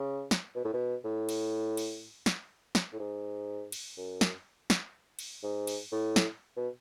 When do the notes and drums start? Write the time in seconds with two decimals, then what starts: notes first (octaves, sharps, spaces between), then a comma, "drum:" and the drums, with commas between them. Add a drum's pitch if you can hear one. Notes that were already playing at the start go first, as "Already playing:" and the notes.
Already playing: C#3
0.31 drum: snare
0.55 B2
0.65 A2
0.74 B2
1.04 A2
1.29 drum: cymbal
1.77 drum: cymbal
2.26 drum: snare
2.75 drum: snare
2.93 A2
2.99 G#2
3.72 drum: cymbal
3.97 F#2
4.21 drum: snare
4.70 drum: snare
5.19 drum: cymbal
5.43 G#2
5.67 drum: cymbal
5.92 A2
6.16 drum: snare
6.57 B2